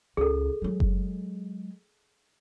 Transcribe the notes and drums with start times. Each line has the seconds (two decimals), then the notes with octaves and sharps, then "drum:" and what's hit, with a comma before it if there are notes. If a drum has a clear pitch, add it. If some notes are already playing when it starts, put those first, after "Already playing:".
0.17 C#2 G#4 A4
0.62 F#3 G#3
0.80 drum: kick F#1